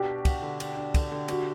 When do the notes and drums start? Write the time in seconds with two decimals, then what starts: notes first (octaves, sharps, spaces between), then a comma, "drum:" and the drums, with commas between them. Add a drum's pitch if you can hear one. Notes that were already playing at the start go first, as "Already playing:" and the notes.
Already playing: B2 D4 G4
0.08 F#4
0.25 F#4, drum: kick, cymbal
0.42 D3
0.60 D4, drum: cymbal
0.77 D4
0.94 D3, drum: kick, cymbal
1.12 D3
1.28 F#4 G4, drum: cymbal